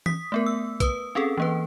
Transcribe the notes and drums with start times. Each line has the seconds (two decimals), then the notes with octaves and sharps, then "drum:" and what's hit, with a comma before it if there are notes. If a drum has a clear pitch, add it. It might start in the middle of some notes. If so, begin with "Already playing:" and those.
0.06 D#6 B6, drum: tom
0.32 A3 B3 A#4
0.46 E6
0.80 B4 D#6, drum: kick, hi-hat
1.15 C4 C#4 G#4 A4
1.38 E3 A#3 B4